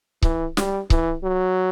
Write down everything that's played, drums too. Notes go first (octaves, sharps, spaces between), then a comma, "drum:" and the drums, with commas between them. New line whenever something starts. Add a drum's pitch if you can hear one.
E3, drum: kick C#1
G3, drum: snare
E3, drum: kick C#1
F#3